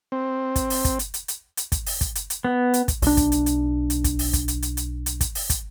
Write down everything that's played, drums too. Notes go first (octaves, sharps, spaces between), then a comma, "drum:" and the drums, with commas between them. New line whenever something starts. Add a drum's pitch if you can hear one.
C4
drum: kick, hi-hat
drum: open hi-hat
drum: kick, hi-hat
drum: hi-hat
drum: hi-hat
drum: hi-hat
drum: hi-hat
drum: kick, hi-hat
drum: open hi-hat
drum: kick, hi-hat
drum: hi-hat
drum: hi-hat
B3
drum: hi-hat
drum: kick, hi-hat
B1 D4, drum: open hi-hat
drum: kick, hi-hat
drum: hi-hat
drum: hi-hat
drum: hi-hat
drum: kick, hi-hat
drum: open hi-hat
drum: kick, hi-hat
drum: hi-hat
drum: hi-hat
drum: hi-hat
drum: hi-hat
drum: kick, hi-hat
drum: open hi-hat
drum: kick, hi-hat